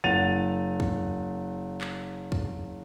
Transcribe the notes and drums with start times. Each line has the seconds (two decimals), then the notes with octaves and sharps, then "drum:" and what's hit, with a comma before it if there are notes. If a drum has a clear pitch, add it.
0.04 F#1 F#5 A6 D#7 F7
0.80 drum: kick
1.81 drum: clap
2.32 drum: kick